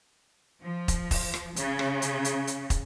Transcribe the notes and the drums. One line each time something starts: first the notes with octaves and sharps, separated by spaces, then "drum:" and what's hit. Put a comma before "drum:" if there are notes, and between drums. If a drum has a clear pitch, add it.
F3
drum: kick, hi-hat
drum: kick, open hi-hat
drum: rim click
C#3, drum: hi-hat
drum: rim click
drum: hi-hat
drum: hi-hat
drum: hi-hat
drum: kick, hi-hat